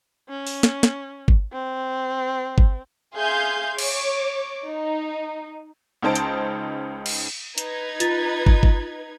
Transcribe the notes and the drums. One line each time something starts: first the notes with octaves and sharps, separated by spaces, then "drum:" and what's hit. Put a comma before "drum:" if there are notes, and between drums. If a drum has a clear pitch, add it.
C#4
drum: open hi-hat
drum: snare
drum: snare
drum: kick
C4
drum: kick
G#4 E5 F5 G#5 C6 G6
C#5 D6, drum: cymbal
D#4
C#2 C#4 D#4 C5 A5 D7
drum: hi-hat
drum: cymbal
D#4 B4 G#6, drum: hi-hat
F4 A6, drum: hi-hat
drum: kick
drum: kick